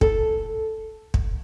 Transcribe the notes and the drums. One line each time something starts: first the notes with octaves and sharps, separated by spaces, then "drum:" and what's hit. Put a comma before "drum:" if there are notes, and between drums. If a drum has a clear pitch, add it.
A4, drum: kick
drum: kick